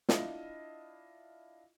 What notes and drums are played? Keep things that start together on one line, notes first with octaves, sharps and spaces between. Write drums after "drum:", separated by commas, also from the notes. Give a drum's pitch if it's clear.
D4 E4 F4 D#5, drum: snare